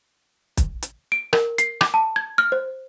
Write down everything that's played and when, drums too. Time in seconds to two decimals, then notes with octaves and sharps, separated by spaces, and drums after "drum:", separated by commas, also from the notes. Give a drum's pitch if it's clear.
0.57 drum: kick, hi-hat
0.83 drum: hi-hat
1.12 D7
1.33 A#4, drum: rim click
1.58 C7, drum: hi-hat
1.81 D6, drum: rim click
1.94 A5
2.16 G#6
2.38 F6
2.52 C5